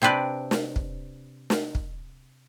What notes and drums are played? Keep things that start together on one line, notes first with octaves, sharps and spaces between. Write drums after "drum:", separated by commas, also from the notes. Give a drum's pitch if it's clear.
C3 C4 D4 B4 D5
drum: snare
drum: kick
drum: snare
drum: kick